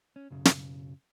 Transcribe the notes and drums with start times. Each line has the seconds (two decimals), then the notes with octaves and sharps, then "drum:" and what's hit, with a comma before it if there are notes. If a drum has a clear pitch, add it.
0.16 C#4
0.30 B1 F#2 C#3
0.45 drum: snare